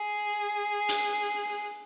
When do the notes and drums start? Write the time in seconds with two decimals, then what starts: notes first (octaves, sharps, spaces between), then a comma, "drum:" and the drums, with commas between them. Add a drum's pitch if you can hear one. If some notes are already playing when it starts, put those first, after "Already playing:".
Already playing: G#4
0.89 drum: hi-hat